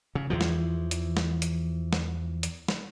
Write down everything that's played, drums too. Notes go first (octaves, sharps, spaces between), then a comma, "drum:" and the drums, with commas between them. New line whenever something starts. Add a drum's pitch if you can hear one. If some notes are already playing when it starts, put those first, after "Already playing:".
C#3
E2 E3 F3
drum: snare
drum: hi-hat
drum: snare
drum: hi-hat
drum: snare
drum: hi-hat
drum: snare